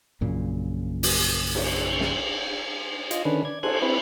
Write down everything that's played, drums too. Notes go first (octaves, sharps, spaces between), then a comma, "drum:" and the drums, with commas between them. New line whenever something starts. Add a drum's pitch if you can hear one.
A#1 F#2 A#2 C#3
drum: open hi-hat
drum: cymbal
drum: snare
F4 D#5, drum: hi-hat
D3 D#3 C#4 D4 B4
D5 G#6
A4 C5 G#5 F#6 G#6, drum: cymbal
C4 E4 B4